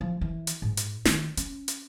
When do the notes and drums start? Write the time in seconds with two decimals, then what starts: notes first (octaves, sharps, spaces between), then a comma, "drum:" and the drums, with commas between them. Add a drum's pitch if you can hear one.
0.01 F3
0.21 E3
0.47 drum: hi-hat
0.62 G#2
0.77 drum: hi-hat
1.05 D#3, drum: snare
1.37 C#4, drum: hi-hat
1.68 drum: hi-hat